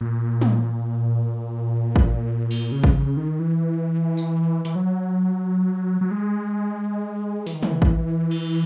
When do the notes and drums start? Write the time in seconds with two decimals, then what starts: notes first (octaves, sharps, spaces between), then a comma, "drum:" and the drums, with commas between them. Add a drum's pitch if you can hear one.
0.01 A#2
0.41 drum: tom
1.96 drum: kick A1
2.51 drum: cymbal
2.72 C#3
2.84 drum: kick A1
2.94 C#3
3.17 D#3
3.39 E3
4.17 drum: tambourine
4.65 E3, drum: hi-hat
4.75 F#3
6.01 F#3
6.11 G#3
7.47 E3, drum: open hi-hat
7.54 D#3
7.63 E3, drum: tom
7.82 drum: kick A1
8.31 drum: cymbal